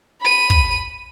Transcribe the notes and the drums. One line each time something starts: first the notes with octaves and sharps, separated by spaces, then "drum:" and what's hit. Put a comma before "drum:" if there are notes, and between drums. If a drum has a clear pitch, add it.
B5 D#7
drum: kick